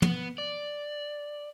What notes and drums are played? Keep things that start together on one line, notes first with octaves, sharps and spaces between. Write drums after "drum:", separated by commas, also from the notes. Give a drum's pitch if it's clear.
B3, drum: tom
D5